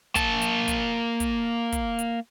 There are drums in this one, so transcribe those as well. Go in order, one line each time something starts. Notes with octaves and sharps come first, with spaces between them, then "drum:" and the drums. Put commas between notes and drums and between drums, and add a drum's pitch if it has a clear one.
A#3 A5, drum: kick, hi-hat
drum: hi-hat
drum: kick, hi-hat
drum: kick, hi-hat
drum: kick, hi-hat
drum: hi-hat